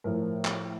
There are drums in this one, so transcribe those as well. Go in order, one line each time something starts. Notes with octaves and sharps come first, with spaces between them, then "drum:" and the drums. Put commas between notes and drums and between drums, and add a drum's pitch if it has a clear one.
A2 F3 A#4
drum: clap